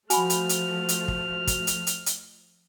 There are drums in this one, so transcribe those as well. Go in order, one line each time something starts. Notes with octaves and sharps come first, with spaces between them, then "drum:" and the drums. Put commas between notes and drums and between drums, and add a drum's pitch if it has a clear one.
F3 A3 F#4 G#5 B5 F6, drum: hi-hat
drum: hi-hat
drum: hi-hat
drum: hi-hat
drum: kick
drum: kick, hi-hat
drum: hi-hat
drum: hi-hat
drum: hi-hat